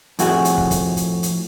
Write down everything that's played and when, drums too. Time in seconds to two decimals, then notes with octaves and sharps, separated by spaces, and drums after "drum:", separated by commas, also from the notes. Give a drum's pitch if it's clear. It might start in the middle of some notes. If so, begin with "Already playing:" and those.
0.19 F2 A2 F#4 G#4, drum: hi-hat
0.45 drum: hi-hat
0.58 drum: kick
0.71 drum: kick, hi-hat
0.97 drum: hi-hat
1.23 drum: hi-hat